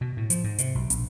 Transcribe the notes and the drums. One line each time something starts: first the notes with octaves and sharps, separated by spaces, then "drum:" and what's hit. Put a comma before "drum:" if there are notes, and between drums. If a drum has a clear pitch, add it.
B2
A2
F3, drum: hi-hat
G#2
C3, drum: hi-hat
B1
A#1, drum: hi-hat